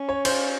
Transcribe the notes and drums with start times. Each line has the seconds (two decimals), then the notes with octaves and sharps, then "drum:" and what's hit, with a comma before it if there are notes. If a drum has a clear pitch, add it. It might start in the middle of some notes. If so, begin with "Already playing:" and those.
Already playing: C#4
0.09 C#5
0.25 C5, drum: cymbal